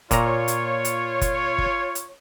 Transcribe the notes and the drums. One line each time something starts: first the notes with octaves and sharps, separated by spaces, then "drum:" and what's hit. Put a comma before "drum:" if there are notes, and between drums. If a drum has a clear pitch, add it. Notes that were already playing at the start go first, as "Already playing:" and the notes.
A#2 F4 C#5 A#5, drum: kick F#1, hi-hat
drum: hi-hat
drum: hi-hat
drum: kick F#1, hi-hat
drum: kick F#1
drum: hi-hat